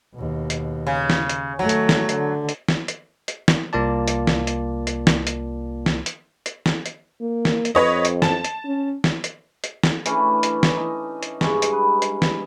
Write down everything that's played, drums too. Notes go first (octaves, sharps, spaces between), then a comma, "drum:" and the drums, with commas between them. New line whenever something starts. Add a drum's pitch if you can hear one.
D#2 B2
drum: hi-hat
C#3
drum: snare
drum: hi-hat
D#3 F#3 A3
drum: hi-hat
drum: snare
D3, drum: hi-hat
drum: hi-hat
drum: snare
drum: hi-hat
drum: hi-hat
drum: snare
C2 A#3 F4 D5 A5
drum: hi-hat
drum: snare
drum: hi-hat
drum: hi-hat
drum: snare
drum: hi-hat
drum: snare
drum: hi-hat
drum: hi-hat
drum: snare
drum: hi-hat
A#3
drum: snare
drum: hi-hat
F2 B4 C#5 D#5
drum: hi-hat
A5, drum: snare
drum: hi-hat
C#4
drum: snare
drum: hi-hat
drum: hi-hat
drum: snare
E3 A3 C#4 D4, drum: hi-hat
drum: hi-hat
drum: snare
D#4
drum: hi-hat
G2 G#3 C#6, drum: snare
drum: hi-hat
B4
drum: hi-hat
drum: snare